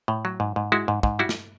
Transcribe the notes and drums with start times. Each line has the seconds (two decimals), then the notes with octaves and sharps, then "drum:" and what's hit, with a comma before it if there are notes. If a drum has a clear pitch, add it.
0.08 A2
0.25 F#3
0.40 G#2
0.56 G#2
0.72 G#3 E4 F#4
0.88 G#2
1.03 G#2, drum: kick
1.19 G3 E4 F#4
1.29 drum: snare